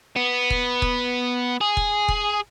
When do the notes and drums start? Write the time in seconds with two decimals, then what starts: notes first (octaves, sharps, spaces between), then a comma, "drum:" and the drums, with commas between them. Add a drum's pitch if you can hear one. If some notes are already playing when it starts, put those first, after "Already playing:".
0.16 B3
0.50 drum: kick E1
0.82 drum: kick E1
1.61 G#4
1.77 drum: kick E1
2.08 drum: kick E1